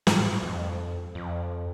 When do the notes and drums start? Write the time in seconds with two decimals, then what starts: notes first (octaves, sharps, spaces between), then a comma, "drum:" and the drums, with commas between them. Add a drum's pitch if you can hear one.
0.07 G#2, drum: snare
0.18 A2
0.30 G#2
0.43 F2
1.15 F2